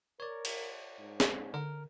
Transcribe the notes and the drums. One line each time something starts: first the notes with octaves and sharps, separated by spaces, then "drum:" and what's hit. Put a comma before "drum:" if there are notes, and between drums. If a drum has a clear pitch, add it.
A#4 C#5 D5
drum: cymbal
G#2
drum: snare
D3 A#4